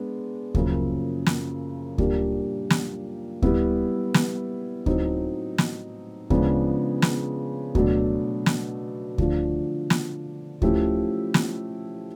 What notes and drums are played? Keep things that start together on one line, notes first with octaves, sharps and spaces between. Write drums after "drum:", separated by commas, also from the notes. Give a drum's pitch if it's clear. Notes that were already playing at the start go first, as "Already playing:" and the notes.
Already playing: G#3 B3 D4
F#2 C#3 F3 A#3, drum: kick D2
drum: snare
A#2 G3 A#3 D4 G4, drum: kick D2
drum: snare
G3 B3 E4, drum: kick D2
drum: snare
A2 F#3 A3 C4 D#4, drum: kick D2
drum: snare
C#3 F3 G#3 B3 D4, drum: kick D2
drum: snare
B2 F#3 A3 D4, drum: kick D2
drum: snare
D3 F3 A3 D4 F4, drum: kick D2
drum: snare
F3 A3 C#4 E4 G4, drum: kick D2
drum: snare